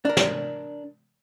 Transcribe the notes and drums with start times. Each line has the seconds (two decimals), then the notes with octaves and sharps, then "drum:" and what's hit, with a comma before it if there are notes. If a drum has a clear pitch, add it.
0.05 D4 A#4
0.17 drum: snare